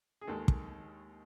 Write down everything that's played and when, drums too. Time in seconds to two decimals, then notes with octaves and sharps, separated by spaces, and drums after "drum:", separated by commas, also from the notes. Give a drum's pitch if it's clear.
0.21 G#4
0.27 D#2 D#3 G#3 A4
0.48 drum: kick